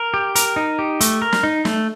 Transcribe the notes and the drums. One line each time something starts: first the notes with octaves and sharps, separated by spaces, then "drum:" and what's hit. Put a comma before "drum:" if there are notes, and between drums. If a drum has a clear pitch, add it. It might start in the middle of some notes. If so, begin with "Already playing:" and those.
Already playing: A#4
G4
A#4, drum: hi-hat
D#4
G4
A3, drum: hi-hat
A#4
drum: snare
D#4
A3, drum: snare